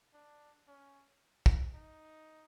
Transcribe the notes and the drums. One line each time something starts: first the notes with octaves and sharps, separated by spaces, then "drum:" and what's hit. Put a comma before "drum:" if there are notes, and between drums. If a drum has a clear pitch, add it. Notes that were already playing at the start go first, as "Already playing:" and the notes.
D4
C#4
drum: kick
D#4